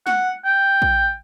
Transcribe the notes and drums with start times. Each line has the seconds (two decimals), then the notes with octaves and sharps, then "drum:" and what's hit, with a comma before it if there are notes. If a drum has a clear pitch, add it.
0.07 F#5, drum: snare
0.45 G5
0.82 drum: kick